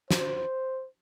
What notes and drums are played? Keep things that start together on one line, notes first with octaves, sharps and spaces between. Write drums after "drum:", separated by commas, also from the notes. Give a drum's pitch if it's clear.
C5, drum: snare